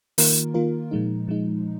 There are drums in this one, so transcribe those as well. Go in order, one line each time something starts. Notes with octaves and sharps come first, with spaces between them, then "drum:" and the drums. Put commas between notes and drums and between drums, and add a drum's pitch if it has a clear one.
D#3 A#3 F4 A#4, drum: open hi-hat
D#3 A#3 F4 A#4
A#2 F3 G#3 D#4
A#2 F3 G#3 D#4